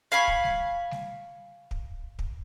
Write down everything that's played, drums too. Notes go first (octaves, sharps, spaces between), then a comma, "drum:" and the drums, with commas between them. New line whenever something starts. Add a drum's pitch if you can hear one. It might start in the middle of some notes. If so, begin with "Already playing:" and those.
F5 G#5 B5 C#6
drum: kick
drum: snare G3
drum: snare G3
drum: kick
drum: kick